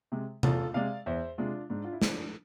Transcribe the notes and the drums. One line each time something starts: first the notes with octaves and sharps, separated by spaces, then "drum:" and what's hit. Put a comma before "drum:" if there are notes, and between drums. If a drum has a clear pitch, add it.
C3 G#3
E2 F4 A4, drum: tom C3
C3 G#3 D5 F5
E2 C5 E5
C3 G#3 D4 F4
G#2 D4
F4
E4
F3 G#3 D4, drum: snare